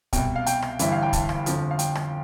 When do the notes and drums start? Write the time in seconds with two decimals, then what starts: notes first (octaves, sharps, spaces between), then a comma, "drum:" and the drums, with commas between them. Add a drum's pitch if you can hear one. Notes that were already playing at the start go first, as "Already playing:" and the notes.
0.13 C2 B2 G5, drum: kick, hi-hat
0.36 F5
0.46 G5, drum: hi-hat
0.62 drum: rim click
0.79 G1 G2 E3 E5, drum: hi-hat
0.92 F5
1.02 G5
1.13 A5, drum: kick, hi-hat
1.29 drum: rim click
1.46 G1 F2 D3 F3, drum: hi-hat
1.71 F5
1.79 G5, drum: hi-hat
1.95 drum: rim click